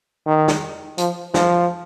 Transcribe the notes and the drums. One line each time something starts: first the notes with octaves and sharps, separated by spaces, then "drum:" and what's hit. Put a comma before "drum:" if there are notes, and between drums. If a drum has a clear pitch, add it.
D#3
drum: snare
F3, drum: hi-hat
F3, drum: snare